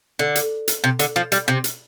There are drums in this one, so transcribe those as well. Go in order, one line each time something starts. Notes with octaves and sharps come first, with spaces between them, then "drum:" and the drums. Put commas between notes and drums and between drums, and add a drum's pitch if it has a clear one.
D3
drum: hi-hat
drum: hi-hat
C3
D3, drum: hi-hat
F3
G3, drum: hi-hat
C3
drum: hi-hat